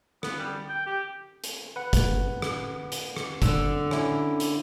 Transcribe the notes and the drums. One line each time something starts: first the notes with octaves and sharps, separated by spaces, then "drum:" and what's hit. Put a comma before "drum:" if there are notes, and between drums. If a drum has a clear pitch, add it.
B3, drum: rim click
G3
G5
G4
drum: hi-hat
B4 F#5
drum: kick F#1, hi-hat
drum: rim click
drum: hi-hat
drum: rim click
D3 E6, drum: kick F#1, hi-hat
C#4 E4, drum: rim click
drum: hi-hat